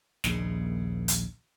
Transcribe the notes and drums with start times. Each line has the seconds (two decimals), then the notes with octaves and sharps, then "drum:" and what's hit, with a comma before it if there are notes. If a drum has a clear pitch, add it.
0.24 A#1 D#2 C#3, drum: snare
1.08 drum: hi-hat